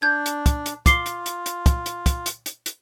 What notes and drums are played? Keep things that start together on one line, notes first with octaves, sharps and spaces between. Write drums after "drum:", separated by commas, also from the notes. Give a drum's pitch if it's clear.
D4 G6 G#6
drum: hi-hat
drum: kick, hi-hat
drum: hi-hat
F4 D6 C7 G7, drum: kick, hi-hat
drum: hi-hat
drum: hi-hat
drum: hi-hat
drum: kick, hi-hat
drum: hi-hat
drum: kick, hi-hat
drum: hi-hat
drum: hi-hat
drum: hi-hat